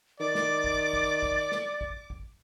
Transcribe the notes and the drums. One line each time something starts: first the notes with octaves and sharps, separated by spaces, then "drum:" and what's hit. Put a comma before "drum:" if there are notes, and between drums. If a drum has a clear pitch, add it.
D#3 D5 D6 A6
drum: snare
drum: kick
drum: kick
drum: kick
drum: snare
drum: kick
drum: kick